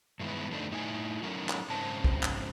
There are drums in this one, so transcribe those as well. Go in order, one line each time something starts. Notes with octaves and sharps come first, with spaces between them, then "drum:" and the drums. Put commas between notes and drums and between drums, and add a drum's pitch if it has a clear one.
G2 D#3 G#3 B3 E4
F2 D3 A3 D4 D#4
A2 D#4 E4 G#5
F#3 C#4 D#4 F#4 A4 A#4
drum: clap
G#2 C#3 C4 A5
drum: kick
drum: clap